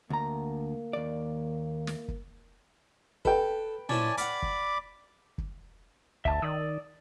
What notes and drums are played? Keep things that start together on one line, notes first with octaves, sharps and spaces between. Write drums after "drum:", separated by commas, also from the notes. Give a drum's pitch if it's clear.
D2 A#3 A#5
D#2 D5
drum: snare
drum: kick
A4 B4 G5, drum: kick
C#4 E4 C5 D5 G#5 A5, drum: tom
D5 F5 F#5 B5 D6, drum: hi-hat
drum: kick
drum: kick
D2 E5 A5, drum: kick
D#3 D5 D#6 E6